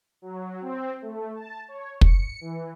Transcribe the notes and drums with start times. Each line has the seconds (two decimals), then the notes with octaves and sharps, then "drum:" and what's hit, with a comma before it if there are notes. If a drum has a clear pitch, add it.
0.22 F#3
0.61 C4
1.02 A3
1.35 A5
1.68 C#5
2.01 C#7, drum: kick
2.41 E3